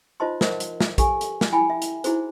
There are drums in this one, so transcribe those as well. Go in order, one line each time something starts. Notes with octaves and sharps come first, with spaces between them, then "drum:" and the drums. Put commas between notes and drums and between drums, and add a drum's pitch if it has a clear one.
D#4 F4 C5 D#5 A5 C6
A#4 C5 D#5 F#5, drum: snare
drum: hi-hat
drum: snare
G4 A4 G#5, drum: kick A#1, hi-hat
drum: hi-hat
drum: snare
E4 G5 G#5 B5
E5
drum: hi-hat
D#4 E4 F#4 G#4 C5, drum: hi-hat